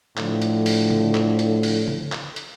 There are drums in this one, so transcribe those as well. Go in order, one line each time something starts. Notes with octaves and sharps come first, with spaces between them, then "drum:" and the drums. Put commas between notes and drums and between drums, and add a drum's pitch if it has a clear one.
A2 D3 F3, drum: clap
drum: hi-hat
drum: open hi-hat
drum: tom C#3
drum: clap
drum: hi-hat
drum: open hi-hat
drum: tom C#3
drum: clap
drum: hi-hat